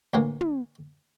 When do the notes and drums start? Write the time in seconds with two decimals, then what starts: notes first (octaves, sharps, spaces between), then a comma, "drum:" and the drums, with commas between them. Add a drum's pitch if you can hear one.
0.14 D2 A2 E3 A#3
0.41 drum: tom